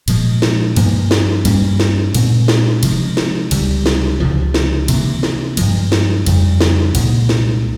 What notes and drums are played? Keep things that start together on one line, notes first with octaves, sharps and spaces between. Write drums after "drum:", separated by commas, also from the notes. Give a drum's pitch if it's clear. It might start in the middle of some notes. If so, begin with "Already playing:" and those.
A#2 F3 G#3, drum: cymbal
drum: snare
G2 F3 A#3, drum: cymbal
drum: snare
G2 G3 A#3 C#4, drum: cymbal
drum: snare
A#2 G#3 C4, drum: cymbal
drum: snare
C3 F3 G#3, drum: cymbal
drum: snare
C#2 C3 G3, drum: cymbal
drum: snare
C#2 C3 F3
drum: snare
C3 E3 A#3, drum: cymbal
drum: snare
G2 F3 G#3, drum: cymbal
drum: snare
F2 C#3 G3, drum: cymbal
drum: snare
C2 A#2 G#3, drum: cymbal
drum: snare